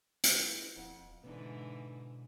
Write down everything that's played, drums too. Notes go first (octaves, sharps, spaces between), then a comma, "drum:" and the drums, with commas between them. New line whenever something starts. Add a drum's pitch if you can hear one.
E3 F4 G#4, drum: hi-hat
D#1 F2 F#5
G#2 B2 D3 E3 B3 D4 D#4